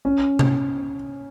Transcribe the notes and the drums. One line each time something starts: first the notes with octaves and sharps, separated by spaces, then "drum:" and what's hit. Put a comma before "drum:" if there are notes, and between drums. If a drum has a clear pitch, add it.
C#4
drum: tom C3